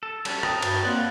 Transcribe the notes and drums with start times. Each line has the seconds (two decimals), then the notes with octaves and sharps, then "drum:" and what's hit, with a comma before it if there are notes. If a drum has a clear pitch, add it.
0.03 A4
0.25 G3 C#4 F#4 A5, drum: cymbal
0.43 C5 G5 A#5 D#6, drum: rim click
0.62 G2 F#4, drum: cymbal
0.85 A#3 C4 D5 F#5 B5